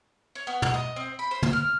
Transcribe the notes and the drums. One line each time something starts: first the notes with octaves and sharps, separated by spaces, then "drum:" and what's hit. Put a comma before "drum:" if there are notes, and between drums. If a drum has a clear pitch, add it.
C#5
B3
drum: tom
D#5
C4
B5
C5
drum: tom
F6